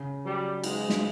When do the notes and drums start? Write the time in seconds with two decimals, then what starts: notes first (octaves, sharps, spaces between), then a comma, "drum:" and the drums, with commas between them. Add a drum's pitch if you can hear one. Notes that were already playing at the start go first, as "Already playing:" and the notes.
Already playing: C#3
0.25 F#3 G3
0.64 G#3 D#4, drum: cymbal
0.90 drum: snare